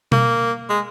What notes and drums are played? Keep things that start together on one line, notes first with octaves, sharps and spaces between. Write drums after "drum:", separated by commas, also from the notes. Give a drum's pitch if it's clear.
A#3, drum: tom B2
G#3